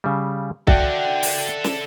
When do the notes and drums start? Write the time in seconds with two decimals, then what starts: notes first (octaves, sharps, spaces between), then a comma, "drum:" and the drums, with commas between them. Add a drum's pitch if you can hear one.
0.04 C#3 G3
0.67 F#4 A4 D5 E5 F#5 G5, drum: kick C2
1.23 drum: open hi-hat
1.64 drum: snare